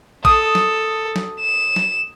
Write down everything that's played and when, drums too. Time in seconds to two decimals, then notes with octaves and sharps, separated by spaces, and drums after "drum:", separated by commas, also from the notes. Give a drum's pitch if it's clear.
0.25 A4 D#6, drum: kick
0.55 drum: snare
1.16 drum: snare
1.40 E7
1.76 drum: snare